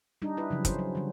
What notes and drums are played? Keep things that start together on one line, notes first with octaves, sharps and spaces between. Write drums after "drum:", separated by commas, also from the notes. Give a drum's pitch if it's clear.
G3 D4 D#4
E4 B4
C#3 F3 F#3
C#4 C5, drum: kick, hi-hat
F#3
D3 G3